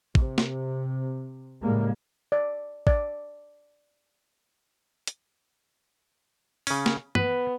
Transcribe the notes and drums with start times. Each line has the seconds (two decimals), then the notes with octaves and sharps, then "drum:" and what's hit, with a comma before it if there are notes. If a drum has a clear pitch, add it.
0.15 C3, drum: kick
0.38 drum: snare
1.61 A2 C#3 G3 G#3 A#3
2.32 D5
2.87 D5, drum: kick
5.07 drum: hi-hat
6.67 C#3 C#4, drum: open hi-hat
6.86 drum: snare
7.15 B3 B4, drum: tom